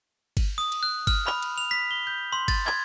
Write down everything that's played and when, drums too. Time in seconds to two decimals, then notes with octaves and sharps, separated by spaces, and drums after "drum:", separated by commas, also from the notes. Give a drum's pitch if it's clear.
0.37 drum: kick G1, cymbal
0.58 D#6
0.72 drum: cymbal
0.83 F#6
1.07 F6, drum: kick G1, cymbal
1.27 B5, drum: clap
1.42 drum: cymbal
1.58 F7
1.71 B6
1.91 G7
2.07 G6
2.33 C6
2.48 A6, drum: kick G1, cymbal
2.67 G#6, drum: clap